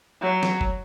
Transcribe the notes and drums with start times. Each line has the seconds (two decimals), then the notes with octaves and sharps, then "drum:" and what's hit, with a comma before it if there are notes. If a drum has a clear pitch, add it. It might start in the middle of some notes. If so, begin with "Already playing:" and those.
0.22 F#3
0.43 drum: snare
0.61 drum: kick F#1